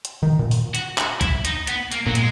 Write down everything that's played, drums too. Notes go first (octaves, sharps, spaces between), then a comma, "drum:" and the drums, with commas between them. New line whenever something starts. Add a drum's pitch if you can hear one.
drum: hi-hat
D#3
A#2
drum: open hi-hat
F#4, drum: hi-hat
F#4, drum: clap
E4, drum: kick B1, hi-hat
D#4, drum: hi-hat
B3, drum: hi-hat
A#3, drum: hi-hat
A#2 F#3
G#3, drum: hi-hat